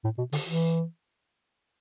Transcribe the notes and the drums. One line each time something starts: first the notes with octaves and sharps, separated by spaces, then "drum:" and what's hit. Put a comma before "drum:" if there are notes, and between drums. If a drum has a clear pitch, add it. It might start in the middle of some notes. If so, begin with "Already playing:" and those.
A2
B2
D3, drum: open hi-hat
E3